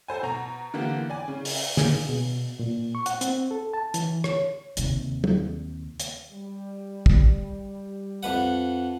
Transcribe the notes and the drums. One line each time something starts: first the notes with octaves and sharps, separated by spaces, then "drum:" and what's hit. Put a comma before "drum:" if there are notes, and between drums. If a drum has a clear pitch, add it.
A4 C5 G#5
B2 A#5
D3 E3 A#3 B3 G4
D5 G#5
C#3
drum: open hi-hat
G#4, drum: snare
B2
A#2
C#6
F#5, drum: hi-hat
C4, drum: hi-hat
A4
A5
E3, drum: hi-hat
C#5, drum: rim click
D#2 C3, drum: hi-hat
drum: tom
drum: hi-hat
G3
drum: kick
F2 B4 F#5